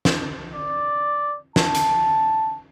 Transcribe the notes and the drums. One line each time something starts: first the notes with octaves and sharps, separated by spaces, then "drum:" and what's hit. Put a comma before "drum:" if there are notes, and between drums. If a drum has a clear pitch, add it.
drum: snare
D5
A5, drum: snare
drum: hi-hat